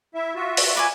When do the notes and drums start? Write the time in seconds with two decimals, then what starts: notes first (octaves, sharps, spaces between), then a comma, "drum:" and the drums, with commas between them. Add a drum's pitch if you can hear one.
0.15 E4 E5
0.35 F4 F#4 E5
0.57 drum: open hi-hat
0.75 B4 D5 G#5